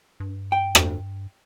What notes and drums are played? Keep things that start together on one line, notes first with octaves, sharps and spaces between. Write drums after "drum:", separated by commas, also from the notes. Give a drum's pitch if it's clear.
G2
G5
drum: rim click